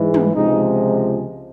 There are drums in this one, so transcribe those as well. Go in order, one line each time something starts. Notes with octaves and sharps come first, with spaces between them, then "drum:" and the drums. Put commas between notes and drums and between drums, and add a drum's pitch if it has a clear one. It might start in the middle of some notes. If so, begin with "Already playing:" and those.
Already playing: G#2 E3 G#3
drum: tom
C#2 C3 F3 G#3 D#4